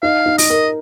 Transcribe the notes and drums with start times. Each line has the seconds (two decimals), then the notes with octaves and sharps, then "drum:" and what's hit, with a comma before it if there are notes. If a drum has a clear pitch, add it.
0.02 D#4 F5
0.26 D#4
0.38 D#5, drum: open hi-hat
0.50 A#4